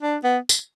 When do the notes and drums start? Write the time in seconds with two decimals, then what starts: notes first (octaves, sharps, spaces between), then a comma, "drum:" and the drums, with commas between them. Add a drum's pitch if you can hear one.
0.02 D4
0.23 B3
0.49 drum: tambourine